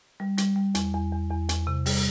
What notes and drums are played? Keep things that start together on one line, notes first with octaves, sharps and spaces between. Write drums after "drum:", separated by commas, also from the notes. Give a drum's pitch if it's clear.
G3
G3, drum: hi-hat
G3
E2, drum: hi-hat
E2
E2
E2
E2, drum: hi-hat
C3
G3, drum: open hi-hat